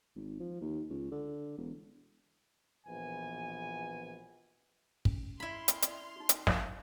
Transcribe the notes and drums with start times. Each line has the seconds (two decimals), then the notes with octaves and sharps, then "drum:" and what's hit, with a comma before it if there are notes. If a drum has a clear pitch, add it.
0.16 G#1
0.40 F3
0.61 D#2
0.89 C#2
1.11 D3
1.58 E1
2.86 A#1 E2 B2 B4 G#5
5.05 C#4, drum: kick
5.40 E4 B5 C6 F6
5.68 drum: hi-hat
5.82 D5, drum: hi-hat
6.16 D#4 F#4
6.29 drum: hi-hat
6.47 E5 F5 G#5, drum: snare